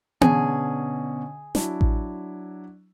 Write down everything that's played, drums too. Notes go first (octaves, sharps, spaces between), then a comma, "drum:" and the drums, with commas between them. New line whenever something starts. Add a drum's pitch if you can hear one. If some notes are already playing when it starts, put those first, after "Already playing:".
B2 D3 C#4 G#4, drum: tom B3
F#3 D4 E4, drum: snare
drum: kick A1